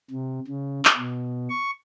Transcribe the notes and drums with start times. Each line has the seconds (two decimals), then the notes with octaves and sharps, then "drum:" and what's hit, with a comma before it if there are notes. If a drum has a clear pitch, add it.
0.11 C3
0.47 C#3
0.85 drum: clap
0.96 B2
1.50 C#6